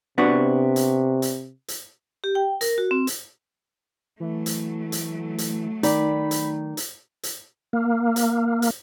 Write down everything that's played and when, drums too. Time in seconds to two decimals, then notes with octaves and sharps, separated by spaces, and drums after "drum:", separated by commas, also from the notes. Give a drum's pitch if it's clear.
0.18 C3 B3 D4 F#4
0.76 drum: hi-hat
1.22 drum: hi-hat
1.68 drum: hi-hat
2.24 G4
2.35 G5
2.61 A#4, drum: hi-hat
2.78 F#4
2.91 C4
3.07 drum: hi-hat
4.20 E3 F#3 A3
4.46 drum: hi-hat
4.92 drum: hi-hat
5.38 drum: hi-hat
5.83 D#3 D#4 D5 B5, drum: hi-hat
6.31 drum: hi-hat
6.77 drum: hi-hat
7.23 drum: hi-hat
7.73 A#3
8.16 drum: hi-hat
8.62 drum: hi-hat